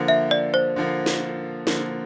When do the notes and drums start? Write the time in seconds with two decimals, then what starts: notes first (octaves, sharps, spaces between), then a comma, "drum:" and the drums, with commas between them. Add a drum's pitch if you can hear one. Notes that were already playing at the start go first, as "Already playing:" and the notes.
Already playing: D3 F3 A#3
0.08 E5
0.31 D5
0.54 C5
0.76 D3 F3 A#3
1.06 drum: snare
1.67 D3 F3 A#3, drum: snare